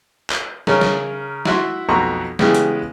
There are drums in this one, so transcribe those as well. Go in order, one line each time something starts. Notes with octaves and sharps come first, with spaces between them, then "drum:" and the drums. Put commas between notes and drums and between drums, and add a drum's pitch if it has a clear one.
drum: clap
C#3 A#4 C#5, drum: snare
drum: snare
E4 F#4 E5 C6, drum: snare
B1 F2 B3 F#4 A#5 C#6
C#3 E3 G#3 B3 G4, drum: snare
drum: hi-hat